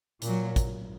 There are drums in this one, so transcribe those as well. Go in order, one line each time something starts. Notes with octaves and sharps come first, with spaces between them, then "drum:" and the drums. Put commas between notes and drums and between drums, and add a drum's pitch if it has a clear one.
A#2 F#3, drum: hi-hat
drum: kick, hi-hat